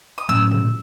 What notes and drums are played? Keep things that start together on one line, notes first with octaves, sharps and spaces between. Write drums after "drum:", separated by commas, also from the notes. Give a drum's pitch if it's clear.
D#6
A2 F#3 A3 C#4 E6
drum: tom